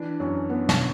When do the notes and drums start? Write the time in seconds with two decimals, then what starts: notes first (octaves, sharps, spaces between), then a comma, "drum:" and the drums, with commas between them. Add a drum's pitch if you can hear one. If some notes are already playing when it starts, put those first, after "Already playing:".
Already playing: E3 D4
0.20 F#2 C#4
0.49 B3
0.69 drum: snare